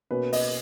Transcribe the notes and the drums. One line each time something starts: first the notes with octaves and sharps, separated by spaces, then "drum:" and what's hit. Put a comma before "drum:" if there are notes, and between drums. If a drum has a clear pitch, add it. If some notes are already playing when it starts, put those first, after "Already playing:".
B2 A#3 C#4 B4
D#5, drum: open hi-hat